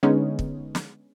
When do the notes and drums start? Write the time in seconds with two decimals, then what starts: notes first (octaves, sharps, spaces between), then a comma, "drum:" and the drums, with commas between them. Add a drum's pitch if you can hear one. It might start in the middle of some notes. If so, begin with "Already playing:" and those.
0.03 D3 G#3 B3 C#4 D#4
0.39 drum: kick
0.75 drum: snare